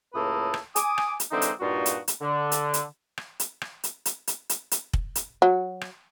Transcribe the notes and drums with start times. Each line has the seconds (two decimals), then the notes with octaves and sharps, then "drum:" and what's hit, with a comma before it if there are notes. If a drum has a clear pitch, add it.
0.14 C#2 A2 A#3 A4 B4 D#6
0.54 drum: rim click
0.76 G#5 D6 D#6, drum: hi-hat
0.98 drum: rim click
1.20 drum: hi-hat
1.31 D3 E3 G#3 C4 D4 D#4
1.42 drum: hi-hat
1.60 G2 A#2 D#4 F4 F#4
1.86 drum: hi-hat
2.08 drum: hi-hat
2.21 D3
2.52 drum: hi-hat
2.74 drum: hi-hat
3.18 drum: rim click
3.40 drum: hi-hat
3.62 drum: rim click
3.84 drum: hi-hat
4.05 drum: hi-hat
4.27 drum: hi-hat
4.49 drum: hi-hat
4.71 drum: hi-hat
4.93 drum: kick
5.15 drum: hi-hat
5.42 F#3
5.81 drum: rim click